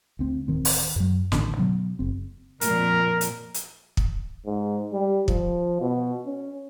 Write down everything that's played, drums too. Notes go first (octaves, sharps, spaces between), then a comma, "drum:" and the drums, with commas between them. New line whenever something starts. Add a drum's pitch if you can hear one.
D2 C4
D1 D#3 C4
drum: open hi-hat
F#2 F#3
A1 D3 D#3 C#4, drum: snare
B2 F#3
F#1 C4
F2 A#2 A#4, drum: hi-hat
drum: hi-hat
drum: hi-hat
drum: kick
G#2
G3
F3, drum: kick
B2
C#4